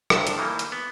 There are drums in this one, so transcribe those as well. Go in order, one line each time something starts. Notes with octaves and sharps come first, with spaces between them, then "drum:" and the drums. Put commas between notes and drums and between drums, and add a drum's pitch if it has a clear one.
G1 C2 G2 D3 D#3 A5, drum: rim click
drum: hi-hat
D#3 E3 G3 A#3
drum: hi-hat
B3